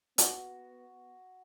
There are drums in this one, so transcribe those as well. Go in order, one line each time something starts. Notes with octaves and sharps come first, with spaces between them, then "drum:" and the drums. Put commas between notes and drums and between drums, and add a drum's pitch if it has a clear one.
B3 F#4, drum: hi-hat